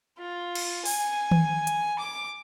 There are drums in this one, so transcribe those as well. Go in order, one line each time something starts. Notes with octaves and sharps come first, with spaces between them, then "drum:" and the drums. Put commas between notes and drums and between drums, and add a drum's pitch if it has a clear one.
F4
drum: cymbal
G#5, drum: open hi-hat
drum: tom D#3
drum: hi-hat
D6